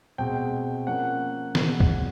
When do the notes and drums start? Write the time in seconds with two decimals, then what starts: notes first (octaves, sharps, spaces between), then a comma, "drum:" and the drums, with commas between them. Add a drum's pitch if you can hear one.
0.18 B2 G#3 C4 G5
0.87 F3 A#3 C#4 F#5
1.55 B2 G#3 C4, drum: snare
1.80 drum: kick